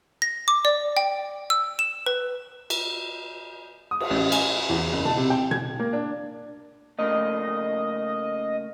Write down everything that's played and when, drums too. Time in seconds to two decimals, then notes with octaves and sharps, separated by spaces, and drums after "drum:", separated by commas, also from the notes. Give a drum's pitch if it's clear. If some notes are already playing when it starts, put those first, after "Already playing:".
0.22 A#6
0.48 D6
0.65 D5
0.97 G5
1.50 E6
1.79 E7
2.06 B4
2.70 drum: cymbal
3.91 D#6
4.00 drum: cymbal
4.11 A1
4.32 G#5, drum: cymbal
4.70 E2
4.93 F#1
5.05 A5, drum: tom B2
5.17 C3
5.30 G5
5.51 G#6, drum: tom B2
5.80 A#3
5.93 D4
6.99 C#3 A3 A#3 D#5